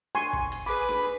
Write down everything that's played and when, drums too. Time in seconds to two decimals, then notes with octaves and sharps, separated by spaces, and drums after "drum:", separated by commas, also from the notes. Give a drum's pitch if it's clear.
0.15 G#5 C6 C#6, drum: snare D4
0.33 drum: kick
0.52 drum: hi-hat
0.66 G#4 B4 B5 D6
0.89 drum: snare D4